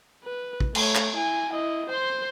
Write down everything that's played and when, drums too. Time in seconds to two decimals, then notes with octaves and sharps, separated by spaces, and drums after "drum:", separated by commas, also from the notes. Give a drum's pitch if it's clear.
0.24 B4
0.60 drum: kick
0.75 A3 C#5, drum: cymbal
0.95 drum: clap
1.16 E4 G#5
1.50 E4 D#5
1.89 C5 C6